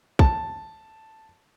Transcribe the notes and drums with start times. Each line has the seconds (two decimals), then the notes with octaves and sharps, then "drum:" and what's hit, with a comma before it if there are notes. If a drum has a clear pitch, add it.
0.19 A5, drum: kick